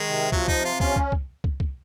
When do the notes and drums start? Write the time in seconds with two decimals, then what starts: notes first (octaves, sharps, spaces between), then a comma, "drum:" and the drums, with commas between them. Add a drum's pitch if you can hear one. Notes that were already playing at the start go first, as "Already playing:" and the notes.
Already playing: D#3 G#3
0.08 C3
0.32 F3 F#3, drum: kick
0.48 D#4, drum: kick
0.56 C3
0.65 F4
0.80 C#4 F4, drum: kick
0.96 drum: kick
1.12 drum: kick
1.44 drum: kick
1.60 drum: kick